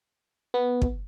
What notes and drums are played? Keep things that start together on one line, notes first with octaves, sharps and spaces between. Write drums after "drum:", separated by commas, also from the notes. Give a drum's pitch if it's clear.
B3
drum: kick